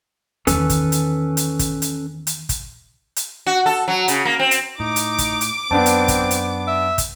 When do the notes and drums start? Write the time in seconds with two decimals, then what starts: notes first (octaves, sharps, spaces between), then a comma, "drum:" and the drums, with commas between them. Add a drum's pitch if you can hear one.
0.47 E2 D#3 C#4 A4 B4, drum: hi-hat
0.70 drum: kick, hi-hat
0.92 drum: hi-hat
1.37 drum: hi-hat
1.59 drum: kick, hi-hat
1.82 drum: hi-hat
2.27 drum: hi-hat
2.49 drum: kick, hi-hat
3.16 drum: hi-hat
3.46 F#4
3.66 A4
3.88 F#3
4.08 C#3, drum: hi-hat
4.25 A#3
4.39 C4
4.51 drum: hi-hat
4.80 A2 D#4 D6
4.96 drum: hi-hat
5.18 drum: kick, hi-hat
5.41 drum: hi-hat
5.71 F#2 B3 C4 D4 A5
5.86 drum: hi-hat
6.08 drum: kick, hi-hat
6.31 drum: hi-hat
6.68 E5
6.98 drum: kick, hi-hat